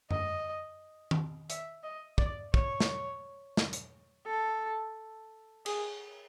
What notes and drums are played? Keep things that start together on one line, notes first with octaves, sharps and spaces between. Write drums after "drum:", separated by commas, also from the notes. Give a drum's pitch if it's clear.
D#5, drum: tom F#2
drum: tom D#3
E5, drum: hi-hat
D#5
D5, drum: kick
C#5, drum: kick
drum: snare
drum: snare
drum: hi-hat
A4
G#4, drum: cymbal